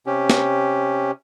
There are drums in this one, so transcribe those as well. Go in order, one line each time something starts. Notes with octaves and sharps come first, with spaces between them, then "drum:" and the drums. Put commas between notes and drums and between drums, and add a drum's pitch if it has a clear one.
C3 C#4 G4
drum: snare